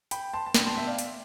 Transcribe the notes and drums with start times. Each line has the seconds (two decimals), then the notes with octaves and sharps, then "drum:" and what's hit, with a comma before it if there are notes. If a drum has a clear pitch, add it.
0.11 G5 B5, drum: hi-hat
0.33 A5 C6
0.46 A5
0.54 B2 B3 D4 G5 B5, drum: snare
0.65 A5 C6
0.76 E5 G5
0.87 D5 F5
0.99 drum: hi-hat